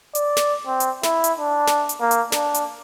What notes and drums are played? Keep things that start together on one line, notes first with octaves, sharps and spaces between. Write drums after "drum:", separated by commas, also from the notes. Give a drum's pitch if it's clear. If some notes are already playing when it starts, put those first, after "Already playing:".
D5, drum: hi-hat
drum: snare
C4
drum: hi-hat
E4, drum: snare
drum: hi-hat
D4
drum: snare
drum: hi-hat
A#3
drum: hi-hat
D4, drum: snare
drum: hi-hat